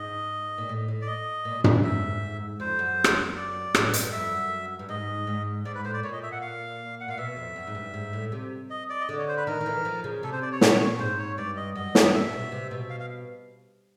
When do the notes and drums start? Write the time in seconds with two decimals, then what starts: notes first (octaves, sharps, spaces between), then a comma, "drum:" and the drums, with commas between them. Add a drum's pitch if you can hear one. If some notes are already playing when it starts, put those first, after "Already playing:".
Already playing: G#2 D#5
0.58 A#2
0.69 A2
0.88 A2
1.02 D5
1.07 D#5
1.45 A#2
1.64 A2, drum: tom
1.83 G#2 E5
2.60 F2 C5
2.79 F#2
3.04 drum: rim click
3.37 D5
3.75 A2, drum: rim click
3.94 G2, drum: hi-hat
4.12 F2 E5
4.31 F#2
4.79 G2
4.89 G#2 D#5
5.27 G#2
5.65 G#2 D5
5.75 B4
5.84 A2 C5
5.94 D5
6.03 A#2 C#5
6.13 D#5
6.23 E5
6.32 F#5
6.41 F5
7.01 F#5
7.08 A#2 F5
7.18 B2 E5
7.37 F2
7.56 F#2
7.67 G#2
7.75 G2
7.94 G#2
8.13 A2
8.32 C3
8.70 D#5
8.90 D5
9.00 D#5
9.09 D3 D5
9.18 C#5
9.28 C5
9.37 B4
9.47 D#3 A#4
9.61 D#3
9.66 E3
9.85 F3
10.04 C#3
10.23 C3 A4
10.33 C5
10.42 D5
10.52 C#5
10.61 A#2, drum: snare
10.99 G#2 C5
11.19 C#5
11.38 G2 D5
11.57 D#5
11.76 F#2 D#5
11.95 G2, drum: snare
12.14 A#2 E5
12.33 B2
12.52 C3
12.71 B2
12.90 F5
13.00 F5